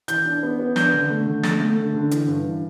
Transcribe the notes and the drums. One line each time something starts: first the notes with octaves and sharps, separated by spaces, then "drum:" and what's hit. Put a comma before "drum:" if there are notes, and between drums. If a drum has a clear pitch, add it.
E3 G6, drum: hi-hat
D4
B3
B3
D4 G6, drum: snare
D3
A3
D3
A3 A6, drum: snare
A3
D3
D3
E3, drum: hi-hat
G2
E3